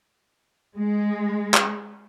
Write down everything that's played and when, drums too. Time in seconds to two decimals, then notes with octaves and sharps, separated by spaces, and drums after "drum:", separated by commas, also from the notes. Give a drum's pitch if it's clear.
0.77 G#3
1.54 drum: clap